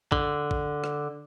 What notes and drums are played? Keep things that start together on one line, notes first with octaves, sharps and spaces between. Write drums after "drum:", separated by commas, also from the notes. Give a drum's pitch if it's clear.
D3, drum: kick
drum: kick
drum: rim click